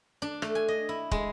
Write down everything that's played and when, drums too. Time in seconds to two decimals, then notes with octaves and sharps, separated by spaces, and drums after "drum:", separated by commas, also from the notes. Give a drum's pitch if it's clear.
0.22 D4
0.42 A3, drum: rim click
0.55 G#5
0.68 D#5
0.89 E4
1.11 G#3, drum: kick